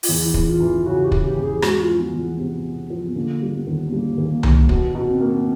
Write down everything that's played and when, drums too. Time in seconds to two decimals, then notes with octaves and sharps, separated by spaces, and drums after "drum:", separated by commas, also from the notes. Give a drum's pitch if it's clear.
0.03 F4, drum: open hi-hat
0.09 E2 E4
0.34 E2, drum: kick
0.48 F4
0.60 E3
0.86 C#3 F#4
1.05 G4
1.12 C#3, drum: kick
1.24 G4
1.37 E2
1.43 G#4
1.62 G#3 F#4, drum: rim click
1.81 F4
1.88 F3
2.00 B3
2.13 E2
2.20 B3
2.39 C3 B3
2.65 C3
2.90 F3
3.15 D3 A#3
3.42 G3
3.54 B3
3.67 D#2
3.92 G3 A#3
4.18 D#2
4.31 A#3
4.43 D#2, drum: tom C2
4.69 B2 B3, drum: kick
4.95 B2
5.08 C4
5.20 A#3